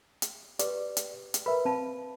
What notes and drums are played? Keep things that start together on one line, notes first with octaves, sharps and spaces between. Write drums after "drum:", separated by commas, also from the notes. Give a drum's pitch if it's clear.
drum: hi-hat
G4 B4 D5, drum: hi-hat
drum: hi-hat
drum: hi-hat
A#4 B4 E5 B5
C4 F5 A5 B5